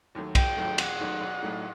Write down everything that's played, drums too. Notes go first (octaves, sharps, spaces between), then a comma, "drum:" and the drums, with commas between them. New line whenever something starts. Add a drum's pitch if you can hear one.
D#2 D#3 F#3 A3
E1 G5, drum: kick B1, cymbal
D#2 D#3 F#3 A3
E1 F#5, drum: cymbal
D#2 D#3 F#3 A3
B1
A2 F#3 A3 D#4